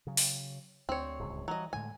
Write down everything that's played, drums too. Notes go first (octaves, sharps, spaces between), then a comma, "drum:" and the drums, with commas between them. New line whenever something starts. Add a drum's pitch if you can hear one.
C#3 F#3
drum: open hi-hat
D2 D3 C4 C#5
D1 C#2 G2
E3 F#3 G3 D#5
A2 D3 G#3 G#5